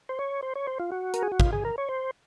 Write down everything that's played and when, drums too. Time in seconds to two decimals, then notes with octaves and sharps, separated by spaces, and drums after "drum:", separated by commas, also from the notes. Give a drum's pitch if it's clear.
0.09 C5
0.19 C#5
0.42 C5
0.56 C#5
0.67 C5
0.79 F4
0.92 F#4
1.14 A#4, drum: hi-hat
1.23 G#4
1.32 F#4
1.40 F4, drum: kick
1.53 G#4
1.65 A#4
1.78 C#5
1.89 C5